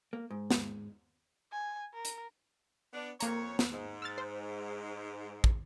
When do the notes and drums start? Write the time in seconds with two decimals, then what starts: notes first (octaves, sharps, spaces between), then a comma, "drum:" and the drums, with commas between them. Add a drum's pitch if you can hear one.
0.13 A#3
0.31 G#2
0.51 drum: snare
1.52 G#5
1.94 A#4
2.05 drum: hi-hat
2.93 B3 D4
3.20 F2 A#3 C#5 A#5, drum: hi-hat
3.59 drum: snare
3.71 G#2
4.02 E6 F6 A6
4.18 C5
5.44 drum: kick